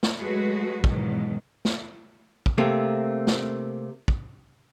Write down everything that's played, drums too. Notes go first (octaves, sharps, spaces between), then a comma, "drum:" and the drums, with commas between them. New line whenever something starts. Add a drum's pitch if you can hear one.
drum: snare
F#3 G#3 A3 F#4 G#4 B4
E2 G#2 B2 D#3 F3 F#3, drum: kick
drum: snare
drum: kick
C3 A3 A#3 C4
drum: snare
drum: kick